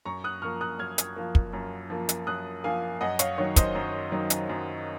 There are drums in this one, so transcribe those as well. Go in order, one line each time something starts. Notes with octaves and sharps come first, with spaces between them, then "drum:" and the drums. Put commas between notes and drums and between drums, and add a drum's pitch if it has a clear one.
F#2 A#5 C#6
D#6 F#6
F3 A#3 C#6 F6
D#6 F#6
F#2 F6 G#6
drum: hi-hat
F3 A#3
drum: kick
F#2
F3 A#3
drum: hi-hat
F#2 D#6 F#6
F3 A#3 F5 G#5
F#2 D#5 F#5
C#5 F5, drum: hi-hat
D#3 F#3 C#5
C5 D#5, drum: kick, hi-hat
F#2
D#3 F#3
drum: hi-hat
F#2